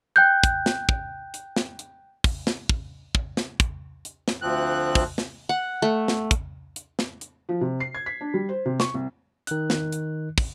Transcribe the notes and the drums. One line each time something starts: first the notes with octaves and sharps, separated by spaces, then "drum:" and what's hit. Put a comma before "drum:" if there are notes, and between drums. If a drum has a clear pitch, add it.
G5 F#6 G6
drum: kick, hi-hat
drum: snare
drum: kick
drum: hi-hat
drum: snare
drum: hi-hat
drum: kick, open hi-hat
drum: snare
drum: kick
drum: kick
drum: snare
drum: kick, hi-hat
drum: hi-hat
drum: snare
D2 F3 C4 F#6
drum: kick, open hi-hat
drum: snare
F#5
A3
drum: snare
drum: kick, hi-hat
drum: hi-hat
drum: snare
drum: hi-hat
F3
C3
C7
G#6
B6
D4
G3
C5
C3
C#6, drum: snare
C2
D#3 F#6, drum: hi-hat
drum: snare
drum: hi-hat
drum: kick, open hi-hat